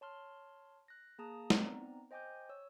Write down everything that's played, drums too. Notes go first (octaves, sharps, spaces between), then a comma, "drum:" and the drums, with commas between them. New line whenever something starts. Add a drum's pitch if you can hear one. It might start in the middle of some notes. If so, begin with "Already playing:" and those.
C#5 A5 C6 F6
F#6 A#6
A#3 G#4 A5 A#5 D#6
B3 C4 D#4 D5 A#5, drum: snare
C5 D#5 G5 G#5 D6 G6
C#5 E6